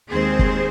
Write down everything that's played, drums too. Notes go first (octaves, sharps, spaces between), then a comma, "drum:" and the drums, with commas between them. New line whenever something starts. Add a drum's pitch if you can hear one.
D#2 D#3 G#3 C4 G#4 C5
drum: kick